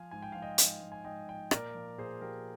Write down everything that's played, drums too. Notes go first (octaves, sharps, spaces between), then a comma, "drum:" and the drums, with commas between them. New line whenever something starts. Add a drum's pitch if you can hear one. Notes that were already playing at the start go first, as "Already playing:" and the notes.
Already playing: F3 F5 G#5
G#2 G#5
G5
F3 F5
D#5 G5
G#2, drum: hi-hat
F3
G#5
G#2 D#5 G5
F3 D#5 G5
A#2 A#4 D5, drum: rim click
F3
A#2 G#4 C5
F3 G4 A#4